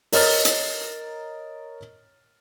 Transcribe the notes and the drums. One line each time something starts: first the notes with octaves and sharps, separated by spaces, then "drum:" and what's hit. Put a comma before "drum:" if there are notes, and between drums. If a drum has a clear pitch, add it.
A#4 C#5 D#5 A#5 F6 A6, drum: open hi-hat
drum: hi-hat